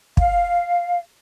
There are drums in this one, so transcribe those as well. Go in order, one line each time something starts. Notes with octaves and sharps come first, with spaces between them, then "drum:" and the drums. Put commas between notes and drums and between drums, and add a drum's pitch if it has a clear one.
F5, drum: kick